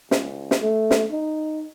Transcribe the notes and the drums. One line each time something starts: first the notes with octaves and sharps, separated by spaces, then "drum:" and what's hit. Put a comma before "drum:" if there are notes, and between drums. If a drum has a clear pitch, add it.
C#2, drum: snare
drum: snare
A3
drum: snare
D#4